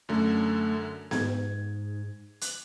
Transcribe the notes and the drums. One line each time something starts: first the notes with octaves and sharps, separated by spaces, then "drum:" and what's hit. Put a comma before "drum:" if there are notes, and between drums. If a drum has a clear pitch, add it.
F#2 D3 A3
G#2 G#6, drum: snare B3
F#6, drum: hi-hat